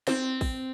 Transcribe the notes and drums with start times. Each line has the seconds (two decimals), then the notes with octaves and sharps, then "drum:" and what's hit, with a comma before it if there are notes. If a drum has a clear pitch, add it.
0.07 C4, drum: snare
0.41 drum: kick, open hi-hat